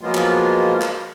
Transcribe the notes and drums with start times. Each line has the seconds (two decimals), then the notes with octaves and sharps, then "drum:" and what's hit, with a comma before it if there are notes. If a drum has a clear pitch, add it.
0.01 F3 F#3 G#3 A#3 B3 F4
0.15 drum: clap
0.82 drum: clap